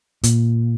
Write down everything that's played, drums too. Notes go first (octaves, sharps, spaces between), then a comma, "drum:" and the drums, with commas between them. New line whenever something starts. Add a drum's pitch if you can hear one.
A#2, drum: hi-hat